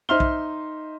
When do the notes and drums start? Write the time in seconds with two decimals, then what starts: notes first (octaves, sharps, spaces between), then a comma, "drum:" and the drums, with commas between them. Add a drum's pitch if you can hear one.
0.09 D#4 C5 E5 C6 F6 G7
0.20 drum: kick